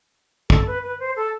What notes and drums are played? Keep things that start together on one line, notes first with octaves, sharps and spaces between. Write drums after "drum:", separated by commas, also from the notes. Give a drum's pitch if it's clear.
A4, drum: kick
B4
B4
C5
A4